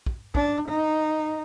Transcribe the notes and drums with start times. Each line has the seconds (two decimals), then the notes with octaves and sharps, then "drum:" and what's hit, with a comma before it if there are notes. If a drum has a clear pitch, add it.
0.06 drum: kick
0.35 D4, drum: kick
0.69 D#4